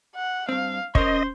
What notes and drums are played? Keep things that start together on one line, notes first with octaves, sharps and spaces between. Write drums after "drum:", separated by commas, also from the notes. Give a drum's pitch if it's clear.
F#5
G2 C4 F5
C#4 A#4 C5 C#5 D#5, drum: kick